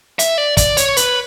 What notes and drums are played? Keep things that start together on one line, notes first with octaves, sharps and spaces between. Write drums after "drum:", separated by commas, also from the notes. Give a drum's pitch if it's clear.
E5, drum: hi-hat
D5
D5, drum: kick, hi-hat
C#5, drum: hi-hat
B4, drum: hi-hat